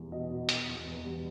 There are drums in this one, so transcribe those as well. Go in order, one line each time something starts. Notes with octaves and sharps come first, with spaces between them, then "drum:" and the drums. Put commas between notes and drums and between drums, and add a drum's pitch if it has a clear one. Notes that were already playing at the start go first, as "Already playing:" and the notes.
Already playing: E2 G3
B2 D#5
B2
E2, drum: hi-hat
E2
E2
G3